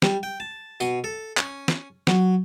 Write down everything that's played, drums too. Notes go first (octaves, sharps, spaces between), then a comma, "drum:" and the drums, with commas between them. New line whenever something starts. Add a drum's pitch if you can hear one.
G3, drum: snare
G5
A5
B2, drum: tambourine
A4
C#4, drum: clap
drum: snare
F#3, drum: snare